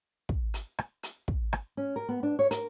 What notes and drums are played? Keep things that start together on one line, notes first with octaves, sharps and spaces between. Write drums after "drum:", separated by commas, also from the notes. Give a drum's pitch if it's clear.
drum: kick
drum: hi-hat
drum: rim click
drum: hi-hat
drum: kick
drum: rim click
C#4
A#4
B3
D4
C#5
A#4, drum: hi-hat